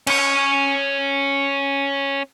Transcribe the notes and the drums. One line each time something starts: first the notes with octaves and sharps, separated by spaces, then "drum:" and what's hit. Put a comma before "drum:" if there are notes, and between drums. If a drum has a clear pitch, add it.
C#4 C#5, drum: cymbal